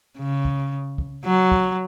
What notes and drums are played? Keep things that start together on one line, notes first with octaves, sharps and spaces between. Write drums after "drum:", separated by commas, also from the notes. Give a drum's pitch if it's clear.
C#3
drum: kick
drum: kick
F#3
drum: kick